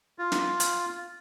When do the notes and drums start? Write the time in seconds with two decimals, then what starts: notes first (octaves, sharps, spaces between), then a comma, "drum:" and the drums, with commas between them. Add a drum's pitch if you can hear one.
0.19 F4
0.32 drum: snare
0.60 drum: hi-hat